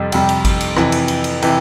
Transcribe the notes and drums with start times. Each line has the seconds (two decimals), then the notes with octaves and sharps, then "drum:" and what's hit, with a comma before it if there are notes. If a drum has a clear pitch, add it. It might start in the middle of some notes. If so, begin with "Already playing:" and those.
Already playing: F2 C3 G3
0.12 F2 C3 G3, drum: cymbal
0.29 drum: cymbal
0.45 drum: kick G#1, cymbal
0.60 drum: cymbal
0.76 F2 C3 E3, drum: rim click
0.92 drum: cymbal
1.08 drum: cymbal
1.24 drum: cymbal
1.42 C3 E3, drum: cymbal